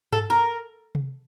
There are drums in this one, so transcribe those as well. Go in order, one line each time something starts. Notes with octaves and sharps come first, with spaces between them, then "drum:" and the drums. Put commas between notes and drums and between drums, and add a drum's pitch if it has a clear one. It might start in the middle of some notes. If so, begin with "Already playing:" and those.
A4, drum: tom G2
A#4
drum: tom C3